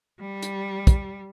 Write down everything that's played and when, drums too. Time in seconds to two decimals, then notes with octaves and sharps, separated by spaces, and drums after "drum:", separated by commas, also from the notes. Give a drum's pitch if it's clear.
0.20 G3
0.43 drum: hi-hat
0.87 drum: kick, hi-hat